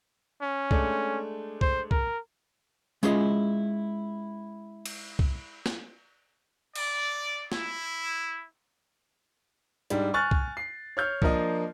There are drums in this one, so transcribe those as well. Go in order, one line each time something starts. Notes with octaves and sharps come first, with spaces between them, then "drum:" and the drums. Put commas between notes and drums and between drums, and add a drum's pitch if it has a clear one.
C#4
G#3 A3 D4, drum: kick
C5, drum: kick
A#4, drum: kick
G#3 C#4 E4 F4 G#4 D#5, drum: tambourine
drum: cymbal
drum: kick
drum: snare
D5, drum: cymbal
E4, drum: snare
G#2 G3 D4, drum: hi-hat
G#5 C#6 F6 F#6 A6
drum: kick
C7
C#5 F6 G6
F3 A#3 D4 A#4 D#5, drum: kick